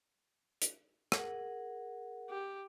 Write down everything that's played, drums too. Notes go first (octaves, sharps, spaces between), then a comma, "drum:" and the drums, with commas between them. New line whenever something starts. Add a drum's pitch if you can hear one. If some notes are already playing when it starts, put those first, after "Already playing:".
drum: hi-hat
G#4 A#4 F#5, drum: rim click
G4